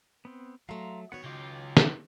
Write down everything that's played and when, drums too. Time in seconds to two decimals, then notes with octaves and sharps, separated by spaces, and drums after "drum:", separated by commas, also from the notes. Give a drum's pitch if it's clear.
0.25 B3 C4
0.69 F#3 A3 F5 A#5 C6
1.12 D#3 F#3 B3 C#5 F#5
1.24 C#2 F4 G5 D6
1.77 drum: snare